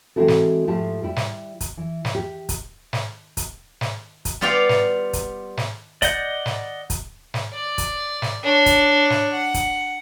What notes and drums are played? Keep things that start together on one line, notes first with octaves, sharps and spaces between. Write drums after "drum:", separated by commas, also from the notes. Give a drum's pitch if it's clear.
E3 G#3 C4 E4 F#4 A4
drum: snare
G#2 F3 A3 E4 G4 A5
G3 E4 G4
drum: snare
drum: kick, hi-hat
E3
drum: snare
G4
drum: kick, hi-hat
drum: snare
drum: kick, hi-hat
drum: snare
drum: kick, hi-hat
G3 B3 F4 D5 F5 G5
drum: snare
drum: kick, hi-hat
drum: snare
D5 D#5 F#5 G6, drum: kick, hi-hat
drum: snare
drum: kick, hi-hat
drum: snare
D5
drum: kick, hi-hat
drum: snare
D4 C#5
drum: kick, hi-hat
drum: snare
F#5
drum: kick, hi-hat